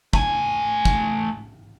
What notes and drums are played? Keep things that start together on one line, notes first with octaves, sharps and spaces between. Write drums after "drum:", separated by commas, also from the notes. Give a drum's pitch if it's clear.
A3 G#5, drum: kick
drum: kick